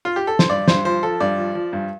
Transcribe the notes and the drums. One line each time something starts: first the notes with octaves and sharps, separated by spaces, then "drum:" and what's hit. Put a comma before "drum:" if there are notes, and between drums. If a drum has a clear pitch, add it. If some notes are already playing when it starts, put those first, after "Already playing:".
F4
G4
A4
C5, drum: snare
G2 D5
G2 C5, drum: snare
F3 C5
F3 A4
G2 D5
F3
F3
G2